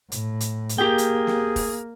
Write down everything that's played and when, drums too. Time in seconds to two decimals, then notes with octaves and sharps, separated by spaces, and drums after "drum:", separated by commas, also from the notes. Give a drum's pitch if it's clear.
0.12 A2, drum: hi-hat
0.40 drum: hi-hat
0.69 drum: hi-hat
0.78 A#3 G4 G#4 G5
0.98 drum: hi-hat
1.27 drum: snare
1.56 drum: kick F1, open hi-hat